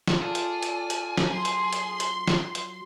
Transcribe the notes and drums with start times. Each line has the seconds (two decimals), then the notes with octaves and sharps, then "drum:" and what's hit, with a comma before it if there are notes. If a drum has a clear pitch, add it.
0.07 drum: snare
0.22 F4 G#4 A4 D5
0.35 drum: hi-hat
0.63 drum: hi-hat
0.90 drum: hi-hat
1.18 drum: snare
1.31 F#3 C6
1.45 drum: hi-hat
1.73 drum: hi-hat
2.00 drum: hi-hat
2.28 drum: snare
2.55 drum: hi-hat